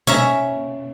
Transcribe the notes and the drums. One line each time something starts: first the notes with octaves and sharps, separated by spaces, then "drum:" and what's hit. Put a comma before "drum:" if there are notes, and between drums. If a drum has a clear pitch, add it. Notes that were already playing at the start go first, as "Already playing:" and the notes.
C#4 E5 A#5, drum: tom B2